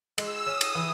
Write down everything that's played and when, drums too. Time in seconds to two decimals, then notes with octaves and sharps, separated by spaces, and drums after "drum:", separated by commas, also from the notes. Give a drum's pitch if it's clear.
0.18 G#3 E6, drum: cymbal
0.46 C#4 D#6
0.61 drum: cymbal
0.75 E3